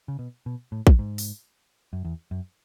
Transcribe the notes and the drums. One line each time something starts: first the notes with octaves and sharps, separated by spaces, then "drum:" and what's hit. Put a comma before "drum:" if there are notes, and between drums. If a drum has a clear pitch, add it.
C#3
B2
B2
A2
drum: kick
G#2
drum: open hi-hat
F#2
E2
F#2